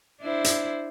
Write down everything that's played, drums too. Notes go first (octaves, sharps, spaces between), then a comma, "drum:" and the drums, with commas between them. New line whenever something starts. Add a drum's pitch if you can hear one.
D4 E4 C5
drum: hi-hat